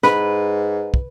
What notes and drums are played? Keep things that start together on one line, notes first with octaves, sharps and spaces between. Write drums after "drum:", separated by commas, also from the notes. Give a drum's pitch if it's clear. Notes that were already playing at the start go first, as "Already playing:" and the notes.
G#2 B4, drum: snare
drum: kick